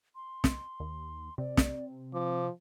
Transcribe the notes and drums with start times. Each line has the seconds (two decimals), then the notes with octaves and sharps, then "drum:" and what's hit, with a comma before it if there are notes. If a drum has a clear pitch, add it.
0.15 C6
0.44 drum: snare
0.80 D#2
1.38 C3 C4 D5
1.57 drum: snare
2.14 F3 D6